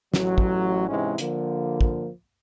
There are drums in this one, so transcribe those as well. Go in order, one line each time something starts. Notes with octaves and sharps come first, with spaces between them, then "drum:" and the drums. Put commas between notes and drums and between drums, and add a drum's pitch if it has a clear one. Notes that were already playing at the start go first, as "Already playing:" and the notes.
A1 F#3, drum: snare
drum: kick
G#2 C3 E3 G#3 C#4 E4
D3 F3 A#3, drum: hi-hat
drum: kick